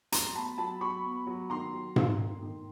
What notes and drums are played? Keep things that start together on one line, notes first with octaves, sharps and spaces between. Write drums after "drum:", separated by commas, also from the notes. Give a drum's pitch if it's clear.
F#3 A#5 C6, drum: hi-hat
B3 A5 B5
F#3 A5 B5
F#3 B5 C#6
B3
F#3
D#3 A#5 C6
F#3
D#3, drum: tom G#2
D#3
D#3